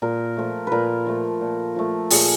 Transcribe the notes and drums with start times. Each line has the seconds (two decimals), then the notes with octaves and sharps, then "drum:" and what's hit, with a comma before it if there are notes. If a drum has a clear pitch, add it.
0.02 A#2 A#4
0.37 F3 A3
0.67 A#2 A#4 B4
1.06 F3 A3
1.41 A#2
1.76 F3 A3
2.10 A#2 G#4, drum: open hi-hat